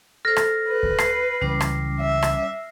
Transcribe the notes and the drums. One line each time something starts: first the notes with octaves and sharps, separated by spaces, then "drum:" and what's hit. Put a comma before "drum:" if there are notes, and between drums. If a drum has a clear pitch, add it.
A4 C5 F6 A#6
drum: rim click
B4
drum: kick D2
C7, drum: rim click
C#2 E3 G3 C#4 D6
drum: rim click
E5
drum: rim click